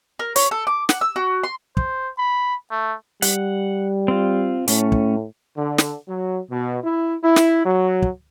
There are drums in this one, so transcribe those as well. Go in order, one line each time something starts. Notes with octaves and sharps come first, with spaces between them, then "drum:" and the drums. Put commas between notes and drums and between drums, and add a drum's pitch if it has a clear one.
A#4
C#5, drum: hi-hat
A4
D6
F#5, drum: snare
E6
F#4
C6
C5, drum: kick
B5
A3
G3 F#5, drum: hi-hat
C4 F4
A2 A3 C#4, drum: hi-hat
drum: kick
D3
drum: snare
F#3
B2
E4
E4
drum: snare
F#3
drum: kick